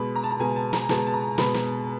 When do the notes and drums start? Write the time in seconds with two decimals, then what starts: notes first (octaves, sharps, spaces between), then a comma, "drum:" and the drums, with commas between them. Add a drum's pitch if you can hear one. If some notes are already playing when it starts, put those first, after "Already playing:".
Already playing: B2 G#3 B5
0.15 A#5
0.24 A5
0.31 A#5
0.39 B2 G#3 G#5
0.56 A5
0.73 A#5, drum: snare
0.89 B2 G#3 A5, drum: snare
1.07 A5
1.14 A#5
1.38 B2 G#3 B5, drum: snare
1.54 drum: snare